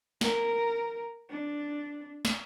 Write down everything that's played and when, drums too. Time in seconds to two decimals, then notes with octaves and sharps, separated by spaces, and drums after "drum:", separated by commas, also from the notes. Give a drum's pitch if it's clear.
0.21 A#4, drum: snare
1.30 D4
2.25 drum: snare